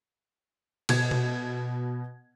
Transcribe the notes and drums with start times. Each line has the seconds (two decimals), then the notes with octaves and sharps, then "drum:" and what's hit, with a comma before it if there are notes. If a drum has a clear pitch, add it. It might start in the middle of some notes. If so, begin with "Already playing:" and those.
0.89 B2 G#6, drum: cymbal
1.11 drum: tom B2